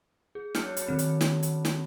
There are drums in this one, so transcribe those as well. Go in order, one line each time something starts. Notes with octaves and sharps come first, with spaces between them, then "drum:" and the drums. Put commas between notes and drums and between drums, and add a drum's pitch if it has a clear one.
G#4
F#2 D4 F6 G6 C#7, drum: snare
drum: hi-hat
D#3 C4 B5
drum: hi-hat
drum: snare
drum: hi-hat
drum: snare